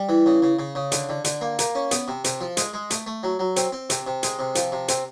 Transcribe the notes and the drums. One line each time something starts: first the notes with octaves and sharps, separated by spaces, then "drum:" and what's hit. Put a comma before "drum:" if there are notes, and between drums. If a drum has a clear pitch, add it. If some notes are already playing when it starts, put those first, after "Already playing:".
Already playing: G3
E3
C#3
C#3
C#3
C#3
D3, drum: hi-hat
D3
D3, drum: hi-hat
A#3
A#3, drum: hi-hat
C#4
B3, drum: hi-hat
C3
C3, drum: hi-hat
F3
G#3, drum: hi-hat
G#3
A3, drum: hi-hat
A3
F#3
F#3
C4, drum: hi-hat
C4
C3, drum: hi-hat
C3
G#3, drum: hi-hat
C3
F3, drum: hi-hat
C3
C4, drum: hi-hat